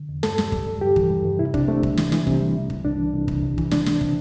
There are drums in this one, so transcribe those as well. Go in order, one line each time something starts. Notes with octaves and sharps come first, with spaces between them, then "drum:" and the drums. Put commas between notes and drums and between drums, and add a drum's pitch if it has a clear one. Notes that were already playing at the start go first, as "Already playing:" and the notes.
Already playing: D3
E2
G2 A4, drum: snare
G3, drum: snare
G3, drum: kick
G3
G2 G4
E3, drum: kick
G3
G2
C3 E4
C3 D4, drum: kick
C3 A3
G3, drum: kick
E3, drum: snare
E3, drum: snare
C3 C4, drum: kick
G3
C2
C2, drum: kick
C2 D4
E3
C2
C2, drum: kick
C3
E3, drum: kick
C3 D4, drum: snare
C2, drum: snare
C3, drum: kick